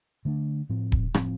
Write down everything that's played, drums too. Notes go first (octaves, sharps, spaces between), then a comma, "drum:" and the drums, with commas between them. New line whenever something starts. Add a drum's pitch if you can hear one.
D3 A3 D4
A2 F3 C4
drum: kick D#1
A2 F3 C4, drum: rim click